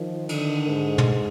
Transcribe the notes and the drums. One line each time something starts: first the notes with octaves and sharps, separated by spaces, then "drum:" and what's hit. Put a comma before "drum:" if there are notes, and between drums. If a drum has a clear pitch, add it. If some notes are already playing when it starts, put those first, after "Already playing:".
Already playing: D#3 F3
D3, drum: cymbal
G#2
drum: tom